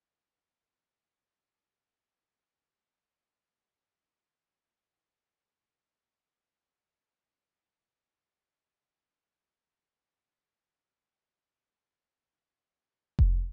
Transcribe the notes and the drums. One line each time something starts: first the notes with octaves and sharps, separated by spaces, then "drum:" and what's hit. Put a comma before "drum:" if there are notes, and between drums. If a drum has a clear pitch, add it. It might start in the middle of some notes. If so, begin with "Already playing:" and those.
Already playing: C#6
D#4
G#3
F#3
D#4
F#4
F#3
A#3 A#5
F#4
C#4
F#4
A#3 D#5
A#3
F#4
F#3
D#5
F#4 C#5
F#4
F#3
F#4
F#3 D#5
A#3
F#4
F#4
D#4
A#3
A#3
D#4
F#3 G#5
F#5
F#3 D#5
F#5
F#4 G#5
F#4
G#3 A#5
F#4
G#3
G#3
G#3
G#3
G#3
G#3
G#3 G#5
G#3
G#3
G#3
F#3 G#5
F#4
C#4 G#5
F#3
F#3
C#4
F#3
F#4
G#3
F#4
F#4
G#3
A#3 A#5
C#4
C#4
C#4
F#3
F#4
F#3
F#3
G#3 C#6
C#4
drum: kick F1